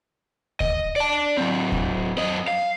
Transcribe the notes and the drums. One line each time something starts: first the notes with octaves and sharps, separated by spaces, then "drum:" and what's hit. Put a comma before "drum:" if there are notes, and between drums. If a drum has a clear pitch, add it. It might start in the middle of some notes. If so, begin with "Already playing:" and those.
D#5, drum: kick D2
D5 A5
F#3 C4
drum: kick D2
F#2 D#5
F5